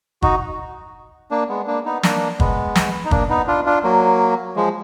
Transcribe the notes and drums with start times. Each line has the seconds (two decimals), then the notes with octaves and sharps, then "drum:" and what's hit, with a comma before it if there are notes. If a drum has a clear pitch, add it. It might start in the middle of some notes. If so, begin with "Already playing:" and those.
0.22 D#4 F#4, drum: kick
1.31 A#3 D4
1.49 G#3 B3
1.67 A#3 D4
1.85 B3 D#4
2.03 A#3 D4, drum: snare
2.40 G#3 B3, drum: kick
2.75 drum: snare
3.05 D#4
3.11 A#3 D4, drum: kick
3.29 B3 D#4
3.48 D4 F4
3.66 D4 F4
3.84 F#3 A#3
4.56 F3 G#3